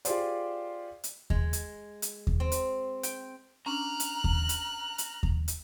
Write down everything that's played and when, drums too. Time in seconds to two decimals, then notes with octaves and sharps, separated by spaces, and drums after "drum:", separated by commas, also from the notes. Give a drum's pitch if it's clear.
0.05 F4 G4 G#4 C5 D5, drum: hi-hat
1.04 drum: hi-hat
1.30 G#3, drum: kick D#2
1.53 drum: hi-hat
2.02 drum: hi-hat
2.27 drum: kick D#2
2.40 C4
2.52 drum: hi-hat
3.03 G5, drum: hi-hat
3.66 C#4 D4 A#5 F6 F#6
4.00 drum: hi-hat
4.24 drum: kick D#2
4.49 drum: hi-hat
4.98 drum: hi-hat
5.23 drum: kick D#2
5.48 drum: hi-hat